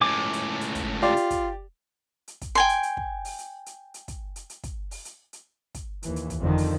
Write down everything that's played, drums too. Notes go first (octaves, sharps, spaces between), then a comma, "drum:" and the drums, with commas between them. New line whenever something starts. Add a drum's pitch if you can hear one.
C#2 A2 G#5 D6
drum: hi-hat
drum: hi-hat
drum: kick, hi-hat
F4 G4 D5
drum: hi-hat
drum: kick, hi-hat
drum: hi-hat
drum: kick, hi-hat
G5 G#5 C6
drum: hi-hat
drum: hi-hat
drum: kick
drum: open hi-hat
drum: hi-hat
drum: hi-hat
drum: hi-hat
drum: kick, hi-hat
drum: hi-hat
drum: hi-hat
drum: kick, hi-hat
drum: open hi-hat
drum: hi-hat
drum: hi-hat
drum: kick, hi-hat
D#2 E3, drum: hi-hat
drum: hi-hat
drum: kick, hi-hat
F2 D3 D#3 F3
drum: open hi-hat